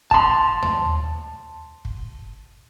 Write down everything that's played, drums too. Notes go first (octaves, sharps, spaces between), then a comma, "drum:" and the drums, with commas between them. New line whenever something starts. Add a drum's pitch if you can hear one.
A5 C6, drum: kick
drum: tom D#2
drum: kick